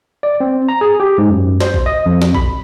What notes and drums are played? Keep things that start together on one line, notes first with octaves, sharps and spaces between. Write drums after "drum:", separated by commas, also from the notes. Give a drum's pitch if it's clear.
D5
C4
A#5
G#4
G4
G#2
F#2
C5, drum: snare
drum: kick A#1
D#5
F2
drum: snare
B5, drum: kick A#1